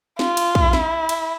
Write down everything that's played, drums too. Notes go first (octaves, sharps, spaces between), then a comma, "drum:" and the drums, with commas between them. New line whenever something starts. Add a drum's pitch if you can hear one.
F4, drum: snare
drum: cymbal
drum: kick
E4, drum: snare
drum: cymbal